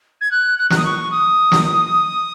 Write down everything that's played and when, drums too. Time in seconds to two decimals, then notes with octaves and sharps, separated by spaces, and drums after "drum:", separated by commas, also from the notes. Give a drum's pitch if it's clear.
0.21 G#6
0.31 F#6
0.58 F#6
0.70 F#6, drum: snare
0.77 D#6
0.85 C#6
1.11 D#6
1.52 drum: snare